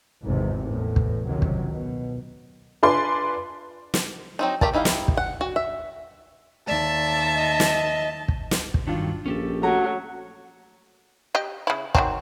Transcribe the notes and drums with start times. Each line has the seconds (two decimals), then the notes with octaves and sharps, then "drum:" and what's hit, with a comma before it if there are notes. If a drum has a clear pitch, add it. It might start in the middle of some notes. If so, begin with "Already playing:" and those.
0.23 G#1 E2 G#2 C3
0.66 E2 A2
0.96 drum: kick
1.25 C#2 C3 D#3 F#3
1.42 drum: kick
1.72 B2
2.83 D4 F4 B4 D5 G#5 C6
3.94 drum: snare
4.39 F#3 C4 D#4
4.61 A3 G4 A#4 A5, drum: kick
4.73 G3 D#4 E4 A#4 F5
4.85 drum: snare
5.08 drum: kick
5.17 F#5
5.41 F#4
5.56 E5
6.68 D#2 D5 E5 A5
7.36 D#5
7.60 drum: snare
8.28 drum: kick
8.51 drum: snare
8.74 drum: kick
8.87 G2 D#3 F#3 D4 F4
9.26 A#1 C#4 G4 A4
9.63 F#3 A3 A#5
11.35 G4 D#5
11.67 C#3 E4
11.95 D#3 F#3 C4, drum: kick